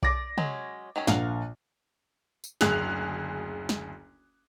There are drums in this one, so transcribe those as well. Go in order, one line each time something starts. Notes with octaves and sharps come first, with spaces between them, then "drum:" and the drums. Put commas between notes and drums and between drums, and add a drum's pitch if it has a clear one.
D5 D6 A#6, drum: kick B1
F#3 G#3 C#4, drum: tom
D#3 F#3 C#4
A#1 A#4 F5 F#5, drum: snare
drum: tambourine
F#1 D2 G#4 F#6 F7, drum: snare
drum: snare